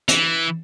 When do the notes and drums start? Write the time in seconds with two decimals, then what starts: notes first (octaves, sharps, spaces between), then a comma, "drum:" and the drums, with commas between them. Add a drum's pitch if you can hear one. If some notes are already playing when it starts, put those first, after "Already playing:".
0.09 E3, drum: hi-hat